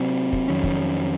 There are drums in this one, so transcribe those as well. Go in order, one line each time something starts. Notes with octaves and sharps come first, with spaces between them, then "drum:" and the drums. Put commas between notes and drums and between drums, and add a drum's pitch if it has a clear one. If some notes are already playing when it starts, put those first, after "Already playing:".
Already playing: C3 F#3 C4
drum: kick
F2 D#3 F#3 C#4
drum: kick